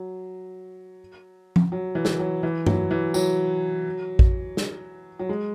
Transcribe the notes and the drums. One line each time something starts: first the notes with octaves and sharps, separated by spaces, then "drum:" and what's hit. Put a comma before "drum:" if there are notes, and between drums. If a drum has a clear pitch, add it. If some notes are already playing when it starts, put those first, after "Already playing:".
Already playing: F#3
drum: tom F3
F#3
E3
drum: snare
F#3
E3
F#3, drum: tom G2
E3
F#3, drum: tambourine
drum: kick A1
drum: snare
F#3
G#3